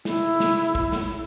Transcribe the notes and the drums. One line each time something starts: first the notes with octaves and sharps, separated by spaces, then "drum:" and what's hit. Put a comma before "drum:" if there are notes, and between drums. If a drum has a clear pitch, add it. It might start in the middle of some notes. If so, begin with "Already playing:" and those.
E4, drum: snare
drum: hi-hat
drum: snare
drum: hi-hat
drum: kick
drum: snare